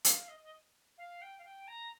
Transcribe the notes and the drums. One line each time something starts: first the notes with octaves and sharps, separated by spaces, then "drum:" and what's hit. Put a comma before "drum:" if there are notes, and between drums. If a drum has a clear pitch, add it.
F5, drum: hi-hat
D#5
D#5
F5
G5
F5
G5
A#5